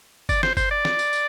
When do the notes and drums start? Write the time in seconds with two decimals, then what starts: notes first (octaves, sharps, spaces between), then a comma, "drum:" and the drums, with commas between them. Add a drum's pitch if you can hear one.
0.29 D5, drum: kick G1, tambourine
0.43 C5, drum: snare
0.57 C5, drum: kick G1, tambourine
0.71 D5
0.85 drum: snare
0.99 drum: tambourine
1.13 drum: tambourine